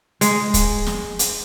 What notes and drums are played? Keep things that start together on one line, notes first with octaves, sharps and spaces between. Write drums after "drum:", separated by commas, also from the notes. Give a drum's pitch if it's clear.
G#3, drum: hi-hat
drum: kick, hi-hat
drum: snare
drum: hi-hat